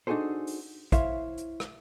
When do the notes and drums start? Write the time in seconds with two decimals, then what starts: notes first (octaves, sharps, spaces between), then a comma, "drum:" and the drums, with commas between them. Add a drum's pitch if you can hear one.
0.07 D4 D#4 F#4 G#4 A4 C5
0.47 drum: open hi-hat
0.92 E4 C5 C#5 E5 F5, drum: kick A#1, hi-hat
1.37 drum: hi-hat
1.60 drum: rim click